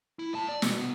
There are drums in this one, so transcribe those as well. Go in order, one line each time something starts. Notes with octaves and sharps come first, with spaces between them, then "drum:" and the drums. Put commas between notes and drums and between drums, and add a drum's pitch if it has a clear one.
E4
A2 A5
D5
B2, drum: snare
C2 B3